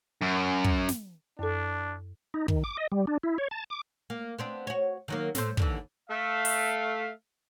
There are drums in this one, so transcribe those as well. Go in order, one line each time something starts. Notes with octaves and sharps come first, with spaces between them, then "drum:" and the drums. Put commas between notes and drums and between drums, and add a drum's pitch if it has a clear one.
F#2
drum: kick
drum: snare
F#2 D4 A4
D#4
D#3, drum: kick
D6
D#5
G3
D4
E4
C#5
A5
D6
A#3
B3 C4 D4
F#4 C#5
D#3 F#3 A#3
A2 A3 C5, drum: snare
D#2 D3 E3, drum: kick
A3 E5 F5
drum: open hi-hat